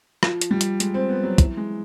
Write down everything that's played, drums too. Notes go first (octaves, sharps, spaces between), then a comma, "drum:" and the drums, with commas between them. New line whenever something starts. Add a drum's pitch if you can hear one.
F3, drum: rim click
drum: hi-hat
G3
drum: hi-hat
G#3, drum: hi-hat
C4
B3
F#3
E3, drum: kick, hi-hat
G#3